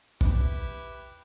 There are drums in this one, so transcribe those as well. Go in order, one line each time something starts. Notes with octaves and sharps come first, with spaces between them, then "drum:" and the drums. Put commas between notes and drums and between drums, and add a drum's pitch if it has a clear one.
E4 G4 B4, drum: kick